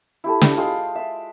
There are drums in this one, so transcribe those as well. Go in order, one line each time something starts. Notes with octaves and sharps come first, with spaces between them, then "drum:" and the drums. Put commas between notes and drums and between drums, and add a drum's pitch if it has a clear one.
E4 G4 A4
drum: snare
G#3 F4 G5
E5